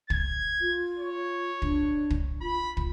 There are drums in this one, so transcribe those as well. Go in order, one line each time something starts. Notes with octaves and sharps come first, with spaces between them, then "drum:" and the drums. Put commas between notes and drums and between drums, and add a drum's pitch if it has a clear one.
G#6, drum: kick
F4
C#5
D4, drum: kick
drum: kick
F4 B5
drum: kick